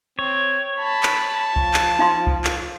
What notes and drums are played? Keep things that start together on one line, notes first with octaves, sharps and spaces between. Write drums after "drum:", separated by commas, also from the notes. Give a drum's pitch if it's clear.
C4 C#5
A5 B5
drum: clap
F3, drum: kick C2
drum: clap
D#4 F5 C6
drum: kick C2
drum: clap